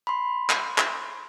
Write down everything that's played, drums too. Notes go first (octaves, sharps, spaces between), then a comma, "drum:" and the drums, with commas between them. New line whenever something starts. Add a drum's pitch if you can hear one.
B5 C6
drum: clap
drum: clap